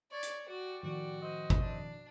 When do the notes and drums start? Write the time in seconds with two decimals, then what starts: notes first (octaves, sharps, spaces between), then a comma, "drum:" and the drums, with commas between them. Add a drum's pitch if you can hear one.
0.11 C#5 D5
0.23 drum: hi-hat
0.49 G3 F#4 D5
0.83 A2 D#3 F3 F#4
1.22 C4 D#5
1.50 drum: kick G#1
1.62 D4